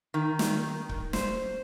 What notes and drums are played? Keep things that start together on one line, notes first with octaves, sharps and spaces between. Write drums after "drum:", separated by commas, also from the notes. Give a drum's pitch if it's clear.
D#3
drum: snare
drum: kick C#1
C5, drum: snare